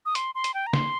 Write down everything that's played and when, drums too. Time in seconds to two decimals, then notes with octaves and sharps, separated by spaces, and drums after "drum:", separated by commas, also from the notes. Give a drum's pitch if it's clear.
0.06 D#6
0.15 C6, drum: hi-hat
0.35 C6
0.44 drum: hi-hat
0.54 G5
0.67 A#5
0.73 C6, drum: snare